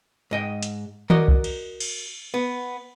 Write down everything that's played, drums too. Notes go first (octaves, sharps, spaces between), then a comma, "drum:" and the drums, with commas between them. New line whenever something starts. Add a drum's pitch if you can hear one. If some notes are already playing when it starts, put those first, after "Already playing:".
G#2 D#5 G5
drum: hi-hat
F#4 A#4 D5 D#5, drum: tom D#3
drum: kick C2
drum: cymbal
drum: cymbal
B3